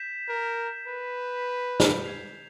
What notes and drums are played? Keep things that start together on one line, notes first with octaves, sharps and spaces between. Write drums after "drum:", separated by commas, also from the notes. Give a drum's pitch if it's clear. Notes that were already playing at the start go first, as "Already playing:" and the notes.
Already playing: G6 B6 E7
A#4
B4
drum: snare
G#6 C7 F7